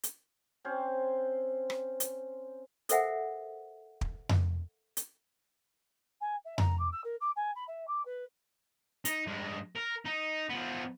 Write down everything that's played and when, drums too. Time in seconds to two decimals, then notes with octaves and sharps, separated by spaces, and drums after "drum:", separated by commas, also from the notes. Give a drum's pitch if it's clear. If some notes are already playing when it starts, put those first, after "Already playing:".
0.03 drum: hi-hat
0.64 C4 C#4 C5
1.70 drum: rim click
2.00 drum: hi-hat
2.89 A4 A#4 C5 E5 F#5 G#5, drum: hi-hat
4.01 drum: kick
4.29 drum: tom F2
4.97 drum: hi-hat
6.21 G#5
6.45 E5
6.58 A#5, drum: tom F2
6.79 D6
6.92 E6
7.04 A#4
7.20 D6
7.36 G#5
7.55 B5
7.67 E5
7.87 D6
8.05 B4
9.05 D#4, drum: hi-hat
9.27 G2 G#3
9.76 A#4
10.06 D#4
10.49 F3 B3